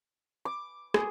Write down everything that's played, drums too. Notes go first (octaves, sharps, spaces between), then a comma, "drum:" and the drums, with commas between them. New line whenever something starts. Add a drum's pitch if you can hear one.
D6
G#4, drum: rim click